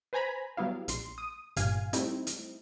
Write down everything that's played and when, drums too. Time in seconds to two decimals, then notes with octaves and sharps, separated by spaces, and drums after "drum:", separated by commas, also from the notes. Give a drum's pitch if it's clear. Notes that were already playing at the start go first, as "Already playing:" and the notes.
0.13 B4 C5 G#5 A#5 B5
0.57 F#3 G3 B3 E4 F5
0.88 A#1 C6, drum: hi-hat
1.18 D#6
1.56 G1 G2 A#2 F5 G#5, drum: hi-hat
1.93 G3 A3 C4 D#4 E4, drum: hi-hat
2.27 drum: hi-hat